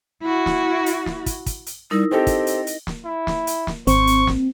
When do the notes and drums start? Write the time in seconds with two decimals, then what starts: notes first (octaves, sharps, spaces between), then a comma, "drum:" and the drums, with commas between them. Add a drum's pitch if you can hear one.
0.22 E4 F#4
0.46 drum: snare
0.86 drum: hi-hat
1.06 drum: snare
1.26 drum: kick, hi-hat
1.46 drum: kick, hi-hat
1.66 drum: hi-hat
1.91 G3 D#4 E4 A#4
2.11 C4 G4 A4 D#5
2.27 drum: kick, hi-hat
2.47 drum: hi-hat
2.67 drum: hi-hat
2.87 drum: snare
3.05 E4
3.27 drum: snare
3.47 drum: hi-hat
3.67 drum: snare
3.87 G#1 C4 C5 C#6, drum: hi-hat
4.07 drum: hi-hat
4.27 drum: snare